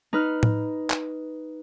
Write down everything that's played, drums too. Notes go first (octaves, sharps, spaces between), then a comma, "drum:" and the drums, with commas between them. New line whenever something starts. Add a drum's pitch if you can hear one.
D#4 B4 F6
drum: tom A2
drum: clap